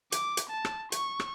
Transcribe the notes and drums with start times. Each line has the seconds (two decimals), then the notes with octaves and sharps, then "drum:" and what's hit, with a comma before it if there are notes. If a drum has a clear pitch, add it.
0.12 D6, drum: hi-hat
0.37 drum: hi-hat
0.50 A5
0.65 drum: rim click
0.92 C#6, drum: hi-hat
1.20 drum: rim click